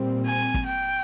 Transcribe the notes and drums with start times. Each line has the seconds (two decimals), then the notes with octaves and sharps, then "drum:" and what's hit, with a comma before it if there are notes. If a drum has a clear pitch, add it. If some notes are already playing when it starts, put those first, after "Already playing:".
Already playing: A#2 G3 C4
0.26 G#5
0.54 drum: kick
0.66 G5